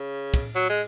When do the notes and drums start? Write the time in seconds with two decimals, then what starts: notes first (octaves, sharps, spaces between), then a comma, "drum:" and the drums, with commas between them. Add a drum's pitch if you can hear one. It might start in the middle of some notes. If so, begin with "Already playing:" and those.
Already playing: C#3
0.34 drum: kick, cymbal
0.55 F#3
0.69 G#3